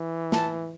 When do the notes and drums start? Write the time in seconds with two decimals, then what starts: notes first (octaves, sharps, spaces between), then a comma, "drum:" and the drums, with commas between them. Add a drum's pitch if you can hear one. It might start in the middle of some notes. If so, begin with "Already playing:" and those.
Already playing: E3
0.32 A5, drum: snare